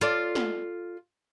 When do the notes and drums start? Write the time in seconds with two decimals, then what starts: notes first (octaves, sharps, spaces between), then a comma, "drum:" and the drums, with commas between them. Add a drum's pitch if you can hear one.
0.01 F4 A4 D5
0.35 drum: snare